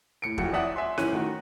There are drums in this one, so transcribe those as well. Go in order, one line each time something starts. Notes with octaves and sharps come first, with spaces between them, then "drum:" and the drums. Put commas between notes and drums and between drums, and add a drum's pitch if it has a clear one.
A2 C#7 D7
F#1 F2 E3 F#4 C#7, drum: kick E1
A1 E2 D5 E5 F#5 D#6
E5 G#5 C6
G1 E3 C#4 F#6 D#7, drum: snare D#4
A2 D#3 F#4